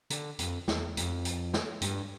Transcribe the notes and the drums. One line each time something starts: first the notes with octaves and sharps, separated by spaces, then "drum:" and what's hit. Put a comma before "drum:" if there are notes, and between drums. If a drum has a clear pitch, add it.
D3, drum: hi-hat
F2, drum: hi-hat
E2, drum: snare
F2, drum: hi-hat
drum: hi-hat
drum: snare
G2, drum: hi-hat